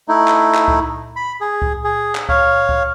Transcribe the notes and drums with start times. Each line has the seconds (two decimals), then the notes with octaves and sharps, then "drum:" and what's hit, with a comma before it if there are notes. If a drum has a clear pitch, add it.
0.08 A3 D#4 E4
0.28 drum: clap
0.55 drum: clap
0.68 drum: kick C#2
1.16 B5
1.41 G#4
1.62 drum: kick C#2
1.84 G#4
2.15 drum: clap
2.29 C#5 F5, drum: kick C#2
2.69 drum: kick C#2